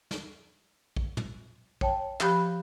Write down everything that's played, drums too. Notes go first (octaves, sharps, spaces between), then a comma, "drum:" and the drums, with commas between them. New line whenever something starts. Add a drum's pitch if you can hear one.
drum: snare
drum: kick A#1
drum: tom
C#5 G5 A5, drum: kick A#1
F3 G4 B5 F#6, drum: clap